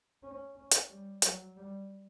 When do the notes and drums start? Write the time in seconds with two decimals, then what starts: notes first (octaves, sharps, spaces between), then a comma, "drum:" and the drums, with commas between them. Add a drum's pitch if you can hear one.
0.23 C#4
0.55 C#4
0.71 drum: hi-hat
0.90 G3
1.22 F#3, drum: hi-hat
1.56 G3